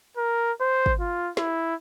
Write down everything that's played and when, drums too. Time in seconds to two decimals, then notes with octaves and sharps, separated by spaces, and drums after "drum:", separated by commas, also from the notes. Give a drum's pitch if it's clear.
0.17 A#4
0.61 C5
0.86 drum: kick
1.00 F4
1.37 E4, drum: snare